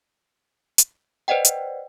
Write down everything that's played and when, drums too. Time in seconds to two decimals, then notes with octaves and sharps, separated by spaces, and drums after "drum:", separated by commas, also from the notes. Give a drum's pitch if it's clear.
0.78 drum: hi-hat
1.28 B4 C5 D5 D#5 F#5 G5
1.45 drum: hi-hat